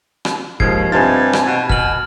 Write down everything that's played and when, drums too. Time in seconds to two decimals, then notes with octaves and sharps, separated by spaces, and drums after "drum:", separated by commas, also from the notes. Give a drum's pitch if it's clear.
0.25 drum: rim click
0.60 D#2 G#2 F3 G#6 C7, drum: kick
0.92 G2 C3 D#4 F4 G#5 A5 A6
1.33 drum: rim click
1.46 B2
1.69 B2 B4 F#5 F6 F#7, drum: kick